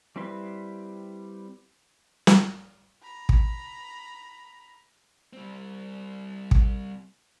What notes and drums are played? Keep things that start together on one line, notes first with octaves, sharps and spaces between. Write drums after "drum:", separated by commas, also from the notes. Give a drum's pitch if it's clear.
G3 C4 E4 B4 C6
drum: snare
A#5 B5
drum: kick
G3 C4
drum: kick